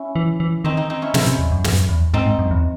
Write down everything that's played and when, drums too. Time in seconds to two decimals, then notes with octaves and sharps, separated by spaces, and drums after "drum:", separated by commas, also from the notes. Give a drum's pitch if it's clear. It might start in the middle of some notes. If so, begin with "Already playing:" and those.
Already playing: C#4 E4
0.16 E3
0.40 E3
0.64 D#3 C4 D#4
0.77 C4 D#4
0.90 C4 D#4
1.02 C#4 E4
1.14 C3 C#4 E4, drum: snare
1.27 C3
1.39 E2
1.52 F#2
1.64 F#2, drum: snare
1.89 E2
2.14 G#2 C4 D#4
2.26 G#2
2.39 F#2
2.51 E2